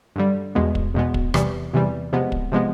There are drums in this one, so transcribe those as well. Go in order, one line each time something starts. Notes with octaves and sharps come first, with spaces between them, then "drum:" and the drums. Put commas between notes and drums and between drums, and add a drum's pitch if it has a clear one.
G2 D3 G3
E2 B2 G#3 B3
drum: kick
E2 B2 G#3 B3
drum: kick
E2 C3 E3 G3, drum: rim click
E2 C3 E3 G3
C3 F3 G#3 B3
drum: kick
C3 F3 G#3 B3